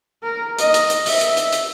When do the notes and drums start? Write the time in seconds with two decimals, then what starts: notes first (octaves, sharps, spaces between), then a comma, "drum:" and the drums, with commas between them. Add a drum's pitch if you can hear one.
0.23 A#4
0.59 D#5, drum: hi-hat
0.74 drum: hi-hat
0.90 drum: hi-hat
1.06 E5, drum: open hi-hat
1.21 drum: hi-hat
1.37 drum: hi-hat
1.53 drum: hi-hat